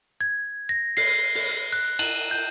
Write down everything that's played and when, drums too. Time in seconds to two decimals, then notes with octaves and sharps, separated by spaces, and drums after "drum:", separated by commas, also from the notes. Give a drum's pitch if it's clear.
0.21 G#6
0.69 A#6
0.97 C7, drum: open hi-hat
1.35 drum: open hi-hat
1.73 F#6
1.99 F#7, drum: cymbal
2.31 G6